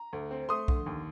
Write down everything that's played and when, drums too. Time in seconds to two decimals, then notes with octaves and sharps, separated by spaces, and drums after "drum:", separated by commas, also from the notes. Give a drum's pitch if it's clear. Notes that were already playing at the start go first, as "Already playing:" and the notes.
Already playing: A#5
0.13 D2
0.31 C4
0.49 A3 C6 D#6
0.68 D3, drum: kick B1
0.86 D#2